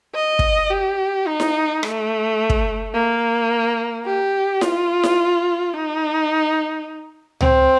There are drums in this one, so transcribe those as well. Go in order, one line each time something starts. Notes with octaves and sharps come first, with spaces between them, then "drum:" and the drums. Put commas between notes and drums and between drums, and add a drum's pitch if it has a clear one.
D#5
drum: kick
G4
D#4
drum: snare E4
A3, drum: rim click
drum: kick
A#3
G4
F4, drum: snare E4
drum: snare E4
D#4
C4, drum: tom C#2